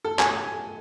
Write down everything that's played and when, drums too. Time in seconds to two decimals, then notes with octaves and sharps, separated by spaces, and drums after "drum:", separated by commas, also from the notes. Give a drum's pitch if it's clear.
0.05 A4
0.19 G#5, drum: clap